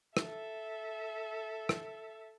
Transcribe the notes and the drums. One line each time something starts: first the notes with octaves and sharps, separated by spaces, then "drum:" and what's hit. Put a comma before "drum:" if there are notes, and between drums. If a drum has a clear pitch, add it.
A4 E5, drum: rim click
drum: rim click